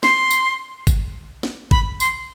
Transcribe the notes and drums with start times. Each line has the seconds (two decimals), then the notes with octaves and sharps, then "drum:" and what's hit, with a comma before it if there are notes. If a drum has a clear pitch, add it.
0.03 C6, drum: snare
0.31 drum: tambourine
0.87 drum: kick, tambourine
1.43 drum: snare
1.71 B5, drum: kick
2.00 C6, drum: tambourine